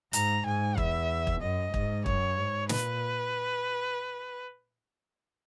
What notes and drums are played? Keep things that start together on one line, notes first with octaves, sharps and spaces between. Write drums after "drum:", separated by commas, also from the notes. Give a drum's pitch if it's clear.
G#2 A#5, drum: hi-hat
G#2 G#5
E2 E5, drum: kick
drum: kick
F#2 D#5
G#2, drum: kick
F#2 C#5, drum: kick
G#2
A#2 B4, drum: snare